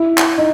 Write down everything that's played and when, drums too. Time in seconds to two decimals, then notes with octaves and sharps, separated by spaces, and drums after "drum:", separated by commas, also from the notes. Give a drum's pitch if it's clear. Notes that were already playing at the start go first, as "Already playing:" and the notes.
Already playing: E4
0.18 drum: clap
0.38 D#4